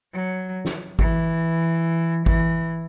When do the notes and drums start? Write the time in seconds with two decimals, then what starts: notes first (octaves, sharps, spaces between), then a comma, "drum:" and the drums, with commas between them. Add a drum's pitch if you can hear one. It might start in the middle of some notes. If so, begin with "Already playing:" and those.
0.13 F#3
0.65 drum: snare
0.99 E3, drum: kick G#1
2.26 E3, drum: kick G#1